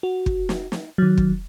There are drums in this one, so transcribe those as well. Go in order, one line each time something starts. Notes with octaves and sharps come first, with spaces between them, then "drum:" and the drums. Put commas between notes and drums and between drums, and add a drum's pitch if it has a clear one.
F#4
drum: kick
drum: snare
drum: snare
D#3 F#3
drum: kick